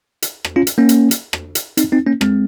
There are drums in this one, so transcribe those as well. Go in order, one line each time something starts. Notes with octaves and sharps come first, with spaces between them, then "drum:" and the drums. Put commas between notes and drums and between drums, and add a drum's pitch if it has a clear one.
drum: hi-hat
drum: rim click
C#4 F4
drum: hi-hat
A#3 C#4
drum: hi-hat
drum: hi-hat
drum: rim click
drum: hi-hat
C4 D#4, drum: hi-hat
C4 D#4
A#3 C#4
G#3 C4, drum: rim click